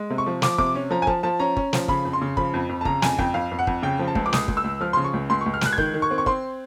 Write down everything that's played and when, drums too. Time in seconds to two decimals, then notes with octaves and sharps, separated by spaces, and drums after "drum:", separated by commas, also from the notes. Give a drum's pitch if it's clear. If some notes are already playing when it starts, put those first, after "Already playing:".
Already playing: G#3
0.10 C3
0.18 C#6
0.26 F3
0.42 F3 D6, drum: snare
0.58 C3 D6, drum: kick
0.75 C#4
0.91 F3 A#5
1.02 G#5
1.07 F3 A5, drum: kick
1.23 F3 A5
1.40 C#4 A#5
1.57 C#4, drum: kick
1.73 F3, drum: snare
1.88 C#3 B5, drum: kick
2.05 F2
2.13 C6
2.22 C#3
2.37 F3 B5, drum: kick
2.54 F2
2.69 F2
2.81 A5
2.85 C#3 A#5, drum: kick
3.02 F2 G#5, drum: snare
3.19 F2 G5, drum: kick
3.34 F2 F5
3.51 F2
3.59 F#5
3.67 F2, drum: kick
3.83 C#3 G5
3.99 F3
4.08 A5
4.15 C#2, drum: kick
4.26 D6
4.33 C#2 D#6, drum: snare
4.48 C#2, drum: kick
4.57 E6
4.64 C#2
4.81 F3 F6
4.93 C#3 C6
5.04 C#6
5.13 C#2
5.30 C#2 C6
5.41 C#2 C#6
5.54 F6
5.61 C#2 F#6, drum: snare
5.73 G#6
5.78 D#3 G6, drum: kick
5.94 D#3
6.02 C#6
6.11 C4
6.18 C#6
6.26 C4 C6, drum: kick